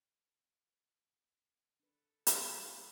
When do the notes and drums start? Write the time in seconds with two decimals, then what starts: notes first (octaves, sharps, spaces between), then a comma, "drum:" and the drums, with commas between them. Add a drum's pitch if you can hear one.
1.80 D4 A4 B4
2.27 drum: hi-hat